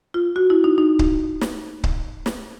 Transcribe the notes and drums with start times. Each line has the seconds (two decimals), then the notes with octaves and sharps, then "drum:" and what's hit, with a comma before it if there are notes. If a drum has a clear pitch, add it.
0.14 F4
0.36 F#4
0.50 E4
0.64 D#4
0.78 D#4
0.99 drum: kick C#1
1.41 drum: snare
1.84 drum: kick C#1
2.26 drum: snare